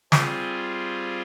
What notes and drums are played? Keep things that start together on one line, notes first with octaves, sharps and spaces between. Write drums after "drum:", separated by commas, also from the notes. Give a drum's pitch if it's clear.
G3 C4 F4 G#4, drum: snare